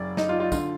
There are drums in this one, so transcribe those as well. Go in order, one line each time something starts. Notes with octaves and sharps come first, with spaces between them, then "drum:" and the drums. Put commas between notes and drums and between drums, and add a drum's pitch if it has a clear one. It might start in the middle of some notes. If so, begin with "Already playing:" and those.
Already playing: F#1 F#2 D5
D#4, drum: snare
F4
F4
D3 F4, drum: kick, tambourine